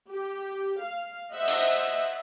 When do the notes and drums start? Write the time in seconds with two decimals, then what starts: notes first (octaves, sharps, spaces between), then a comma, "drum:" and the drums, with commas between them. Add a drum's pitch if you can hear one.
0.12 G4
0.83 F5
1.35 C5 D#5 E5 F#5
1.48 drum: cymbal